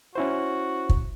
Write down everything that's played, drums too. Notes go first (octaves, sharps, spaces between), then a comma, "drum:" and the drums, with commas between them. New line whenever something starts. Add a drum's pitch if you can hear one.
C#4 E4 F#4 C5
drum: kick